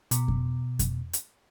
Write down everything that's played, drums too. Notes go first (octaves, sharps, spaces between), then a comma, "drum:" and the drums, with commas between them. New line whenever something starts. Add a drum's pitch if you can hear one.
B2, drum: hi-hat
drum: kick F2
drum: kick F2, hi-hat
drum: hi-hat